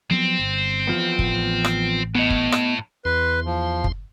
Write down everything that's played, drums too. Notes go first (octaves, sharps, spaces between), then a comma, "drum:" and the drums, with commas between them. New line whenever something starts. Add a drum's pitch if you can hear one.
F3 F#3 B3 C4
G1
E2 F3 B3
A1, drum: kick F#1
drum: rim click
A2 B3 D#5
drum: kick F#1
drum: rim click
E2 B4 C6
F3
drum: kick F#1